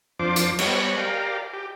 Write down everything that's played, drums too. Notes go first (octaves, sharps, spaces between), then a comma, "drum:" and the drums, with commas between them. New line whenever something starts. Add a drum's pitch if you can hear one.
F2 F3 D4 C5 D6
drum: hi-hat
G3 B3 C#5, drum: cymbal
G4 A#4 D5 F5
G4